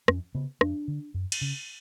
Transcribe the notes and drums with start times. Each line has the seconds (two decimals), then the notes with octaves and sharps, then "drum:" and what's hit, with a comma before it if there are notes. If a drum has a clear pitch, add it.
0.08 F2 C#4, drum: rim click
0.35 C#3 B3
0.61 F2 D4, drum: rim click
0.88 D3
1.14 F#2
1.32 drum: cymbal
1.41 C#3